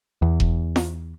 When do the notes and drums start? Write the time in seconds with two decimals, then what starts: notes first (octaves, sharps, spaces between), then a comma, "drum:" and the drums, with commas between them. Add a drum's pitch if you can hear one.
0.22 E2
0.40 drum: kick E1
0.76 drum: snare